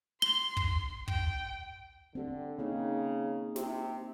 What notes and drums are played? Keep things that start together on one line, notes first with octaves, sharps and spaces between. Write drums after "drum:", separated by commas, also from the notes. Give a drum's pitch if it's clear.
C6 G7
drum: kick
G5, drum: kick
D3 C4 G4
C#3 A#3 C4 D#4
C3, drum: snare